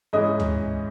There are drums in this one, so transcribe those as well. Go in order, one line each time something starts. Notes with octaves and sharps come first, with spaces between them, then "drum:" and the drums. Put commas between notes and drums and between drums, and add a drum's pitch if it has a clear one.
G#2 E3 G#3 C#4 D#5 D#6
drum: tom